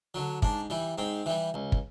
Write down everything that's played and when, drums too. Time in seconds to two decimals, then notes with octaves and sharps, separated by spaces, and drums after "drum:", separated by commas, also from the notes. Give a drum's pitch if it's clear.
0.14 D3 F#3
0.42 G#2 D4, drum: kick
0.70 E3 G3
0.98 G#2 C4
1.26 E3 G3
1.54 C#2
1.72 drum: kick